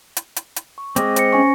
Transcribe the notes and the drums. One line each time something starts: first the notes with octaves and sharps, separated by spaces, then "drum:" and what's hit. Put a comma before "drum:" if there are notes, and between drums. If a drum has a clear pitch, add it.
drum: hi-hat
drum: hi-hat
drum: hi-hat
C#6
G#3 C4 D6 A#6, drum: hi-hat
C5 A#6 C#7, drum: hi-hat
C#4 G#5 C#6